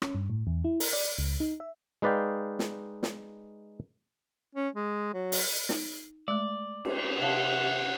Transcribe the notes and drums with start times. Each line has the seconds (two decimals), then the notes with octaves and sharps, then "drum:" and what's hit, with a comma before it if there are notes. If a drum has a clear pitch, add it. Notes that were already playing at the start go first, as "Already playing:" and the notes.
0.02 C#4, drum: rim click
0.15 G2
0.30 A2
0.47 E2
0.64 E4
0.80 A#4, drum: open hi-hat
0.93 D5
1.19 C#2
1.40 D#4
1.60 E5
2.02 G#3 D#4 B4 D5 F5 G5
2.59 drum: snare
3.03 drum: snare
4.55 C#4
4.75 G#3
5.14 F#3
5.32 drum: open hi-hat
5.69 D#4, drum: snare
6.28 G#3 A3 D5
6.85 drum: cymbal
7.20 C3 C#5 F5 F#5 A5